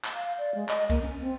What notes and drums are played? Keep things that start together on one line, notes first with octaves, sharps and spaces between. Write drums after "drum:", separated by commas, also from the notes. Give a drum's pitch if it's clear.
drum: clap
F5
D5
G#3
D#5, drum: clap
A#3, drum: kick C2, cymbal
C#4
C4